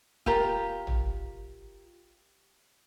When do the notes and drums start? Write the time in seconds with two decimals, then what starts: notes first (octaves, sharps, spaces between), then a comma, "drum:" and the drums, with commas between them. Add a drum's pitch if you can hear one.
0.26 F4 G4 A#4 A#5, drum: kick
0.87 drum: tom